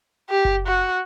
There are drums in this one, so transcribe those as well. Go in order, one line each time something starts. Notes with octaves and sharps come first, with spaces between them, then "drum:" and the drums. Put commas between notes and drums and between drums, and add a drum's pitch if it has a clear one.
G4
drum: kick F#1
F#4